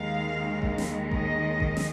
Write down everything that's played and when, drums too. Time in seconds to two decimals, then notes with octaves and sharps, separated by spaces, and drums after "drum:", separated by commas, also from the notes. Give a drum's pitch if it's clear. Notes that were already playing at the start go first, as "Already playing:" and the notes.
Already playing: D#2 D#3 G#3 F5
0.62 drum: kick A1
0.78 drum: snare
1.12 D#5, drum: kick A1
1.60 drum: kick A1
1.77 drum: snare